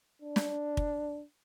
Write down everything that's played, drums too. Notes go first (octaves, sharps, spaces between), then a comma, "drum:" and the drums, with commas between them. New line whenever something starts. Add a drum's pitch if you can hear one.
D4
drum: snare
drum: kick